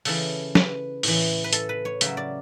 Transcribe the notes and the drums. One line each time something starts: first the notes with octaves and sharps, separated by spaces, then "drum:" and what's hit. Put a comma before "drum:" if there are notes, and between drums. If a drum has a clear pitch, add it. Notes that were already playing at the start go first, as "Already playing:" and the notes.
C#3 E3 A4, drum: open hi-hat
B4, drum: snare
A2 E3, drum: open hi-hat
B4
A4, drum: hi-hat
B4
C#5
C#3 F#3 E5, drum: hi-hat
D5